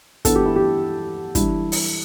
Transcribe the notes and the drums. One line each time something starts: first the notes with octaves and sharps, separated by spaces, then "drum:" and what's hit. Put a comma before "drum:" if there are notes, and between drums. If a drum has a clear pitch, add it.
E3 B3 D4 A4, drum: kick, hi-hat
G4
E4
G4
E3 G3 D4 E4, drum: kick, hi-hat
drum: open hi-hat